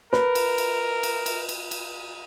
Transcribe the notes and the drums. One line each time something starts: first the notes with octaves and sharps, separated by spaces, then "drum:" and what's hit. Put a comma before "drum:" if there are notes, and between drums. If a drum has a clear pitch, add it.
A#4 B4, drum: snare
drum: cymbal
drum: cymbal
drum: cymbal
drum: cymbal
drum: cymbal
drum: cymbal